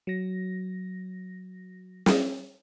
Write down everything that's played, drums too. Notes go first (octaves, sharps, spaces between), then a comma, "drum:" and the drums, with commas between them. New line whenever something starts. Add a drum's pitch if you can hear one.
F#3 A#6
drum: snare